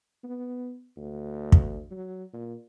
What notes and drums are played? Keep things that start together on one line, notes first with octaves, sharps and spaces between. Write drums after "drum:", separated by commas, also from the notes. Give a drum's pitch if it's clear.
B3
D2
drum: kick
F#3
A#2